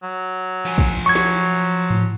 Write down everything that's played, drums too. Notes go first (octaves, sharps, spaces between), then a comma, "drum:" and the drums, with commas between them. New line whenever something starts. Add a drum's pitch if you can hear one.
F#3
F3 G#5
drum: kick
F#3 C#6 G#6
drum: snare
drum: tom G#2